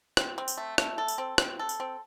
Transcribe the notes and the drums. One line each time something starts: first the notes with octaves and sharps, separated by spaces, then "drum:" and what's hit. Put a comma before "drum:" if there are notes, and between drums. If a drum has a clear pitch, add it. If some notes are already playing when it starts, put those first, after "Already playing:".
C4, drum: rim click
C4
drum: tambourine
A3
A3, drum: rim click
A4
drum: tambourine
C4
C4, drum: rim click
A4
drum: tambourine
C4